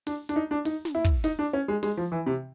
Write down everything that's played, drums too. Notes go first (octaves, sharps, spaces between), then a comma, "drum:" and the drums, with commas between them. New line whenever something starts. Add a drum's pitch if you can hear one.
D4, drum: open hi-hat
D4, drum: hi-hat
D#4
D4
D#4, drum: open hi-hat
drum: snare
E4
drum: kick, hi-hat
D#4, drum: open hi-hat
D4
C#4
G#3
G#3, drum: open hi-hat
F3
E3
C3